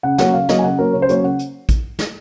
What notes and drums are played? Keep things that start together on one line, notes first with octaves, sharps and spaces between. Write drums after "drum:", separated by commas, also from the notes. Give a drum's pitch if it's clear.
C#3 F#5
F#3 A#3 C#4 F#5, drum: snare
C#3 F5
F#3 A#3 C#4 D#5, drum: snare
G#5
C#3 F#5
F#3 A#3 C#4 A#4
C#3 C#5
C5
F#3 A#3 C#4 C#5, drum: hi-hat
C#3 F#5
drum: hi-hat
drum: kick A1, hi-hat
drum: snare